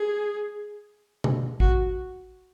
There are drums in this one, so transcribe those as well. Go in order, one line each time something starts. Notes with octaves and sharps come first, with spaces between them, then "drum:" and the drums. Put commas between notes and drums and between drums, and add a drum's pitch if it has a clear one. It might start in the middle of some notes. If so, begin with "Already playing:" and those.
Already playing: G#4
drum: tom B2
F#4, drum: kick